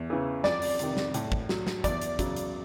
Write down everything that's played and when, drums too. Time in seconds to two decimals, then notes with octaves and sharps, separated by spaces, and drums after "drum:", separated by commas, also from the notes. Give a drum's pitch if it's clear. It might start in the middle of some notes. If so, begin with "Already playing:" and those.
Already playing: E2
0.10 C#3 E3
0.44 F2 D5, drum: snare
0.62 drum: open hi-hat
0.79 C3 D#3, drum: hi-hat
0.97 drum: snare
1.14 A2, drum: hi-hat
1.32 drum: kick
1.49 F#3, drum: snare
1.67 drum: snare
1.84 E2 D5, drum: kick, hi-hat
2.02 drum: hi-hat
2.19 C#3 F#3, drum: kick, hi-hat
2.36 drum: hi-hat